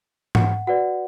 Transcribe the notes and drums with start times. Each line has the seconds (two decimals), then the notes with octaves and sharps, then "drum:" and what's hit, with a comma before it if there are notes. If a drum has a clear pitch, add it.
0.35 F#5, drum: tom G#2
0.67 F#4 B4 D5 F#5